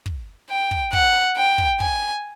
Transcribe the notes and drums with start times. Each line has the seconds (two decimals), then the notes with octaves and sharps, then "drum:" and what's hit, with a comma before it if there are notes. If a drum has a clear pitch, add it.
0.06 drum: kick
0.50 G5
0.71 drum: kick
0.93 F#5, drum: kick
1.37 G5
1.58 drum: kick
1.80 G#5, drum: kick